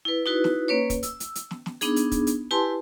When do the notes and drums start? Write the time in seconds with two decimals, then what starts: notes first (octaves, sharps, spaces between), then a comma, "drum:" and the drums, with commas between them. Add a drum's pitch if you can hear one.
0.05 E4 B4
0.26 D#4 E4 F#4 B4
0.44 drum: snare
0.68 A#3 C#4 B4 C#5
0.90 drum: kick, hi-hat
1.03 E6, drum: hi-hat
1.20 drum: hi-hat
1.35 drum: hi-hat
1.51 drum: snare
1.66 drum: snare
1.81 B3 D4 D#4 G#4, drum: hi-hat
1.96 drum: hi-hat
2.12 drum: kick, hi-hat
2.27 drum: hi-hat
2.51 E4 G4 B4 G#5 A5 C6